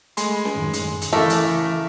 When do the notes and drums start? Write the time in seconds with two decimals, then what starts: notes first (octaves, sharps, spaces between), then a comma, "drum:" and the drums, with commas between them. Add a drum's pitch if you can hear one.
0.17 G#3 A3 G#5 B5 C6, drum: hi-hat
0.45 drum: snare C#4
0.55 F#2 A2 D#3
0.73 drum: hi-hat
1.02 drum: hi-hat
1.13 A2 C#3 E3 A3 A4 A#4 E5 D6
1.30 drum: hi-hat